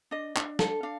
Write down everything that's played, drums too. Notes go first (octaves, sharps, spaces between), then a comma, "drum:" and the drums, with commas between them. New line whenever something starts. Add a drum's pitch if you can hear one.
D4 D#5
D4, drum: clap
A4, drum: snare
D4 F5